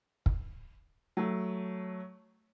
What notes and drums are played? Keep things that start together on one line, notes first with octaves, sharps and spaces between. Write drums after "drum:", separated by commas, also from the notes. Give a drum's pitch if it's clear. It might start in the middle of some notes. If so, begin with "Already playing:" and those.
drum: kick
F#3 A3